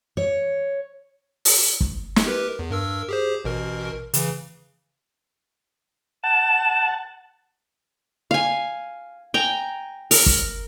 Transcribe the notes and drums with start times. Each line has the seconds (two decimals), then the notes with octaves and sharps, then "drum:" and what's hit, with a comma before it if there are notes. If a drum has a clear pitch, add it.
0.17 C#5
1.45 drum: open hi-hat
1.81 drum: kick
2.16 drum: snare
2.26 G4 A#4 B4
2.59 E2
2.71 G2 A#4 E6
3.09 G4 G#4 C5
3.45 A1 B2 A#4
4.14 C#3 E3, drum: hi-hat
6.24 F#5 A5 E7
8.31 F5 G#5
9.34 G5 G#5 A#5
10.11 A#4, drum: open hi-hat
10.26 drum: kick